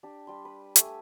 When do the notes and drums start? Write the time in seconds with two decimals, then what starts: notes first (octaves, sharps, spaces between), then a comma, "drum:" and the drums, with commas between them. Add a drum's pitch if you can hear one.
0.03 D4 G4
0.27 G3 C6
0.45 B4
0.76 A3 G4 G#5 E6, drum: hi-hat